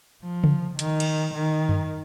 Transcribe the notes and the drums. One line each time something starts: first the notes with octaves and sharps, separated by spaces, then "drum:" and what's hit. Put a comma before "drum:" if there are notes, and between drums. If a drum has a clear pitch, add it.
F3
drum: tom C#3
D#3, drum: hi-hat
drum: cymbal
D#3
drum: tom F#2